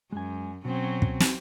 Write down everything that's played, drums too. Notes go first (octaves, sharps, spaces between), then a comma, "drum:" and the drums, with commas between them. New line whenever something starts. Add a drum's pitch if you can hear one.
F#2 G#3 G#5
B2 F#3 C4 C#4
drum: kick
drum: snare